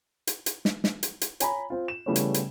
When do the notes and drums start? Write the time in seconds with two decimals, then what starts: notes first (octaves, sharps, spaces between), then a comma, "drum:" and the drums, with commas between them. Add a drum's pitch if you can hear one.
0.27 drum: hi-hat
0.46 drum: hi-hat
0.65 drum: snare
0.84 drum: snare
1.03 drum: hi-hat
1.21 drum: hi-hat
1.40 C#5 G#5 A#5 B5, drum: hi-hat
1.70 C4 F4
1.88 E7
2.06 C#3 E3 G3 A3 B3 C#4
2.16 drum: hi-hat
2.34 drum: hi-hat